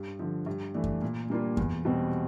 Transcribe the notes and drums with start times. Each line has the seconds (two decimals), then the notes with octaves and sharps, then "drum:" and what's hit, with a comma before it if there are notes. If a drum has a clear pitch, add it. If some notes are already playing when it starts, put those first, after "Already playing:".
Already playing: G2
0.19 D3 F3
0.46 G2
0.74 E3 A3 D4
0.84 drum: kick F#2
1.02 A#2
1.30 G3 A#3 D4 F4
1.57 E2, drum: kick F#2
1.85 B2 G3 C4